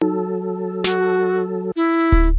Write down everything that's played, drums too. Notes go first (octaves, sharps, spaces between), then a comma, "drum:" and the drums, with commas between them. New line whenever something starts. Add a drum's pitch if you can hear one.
F#3 A4, drum: tom D#4
F#4, drum: snare
E4
drum: kick D1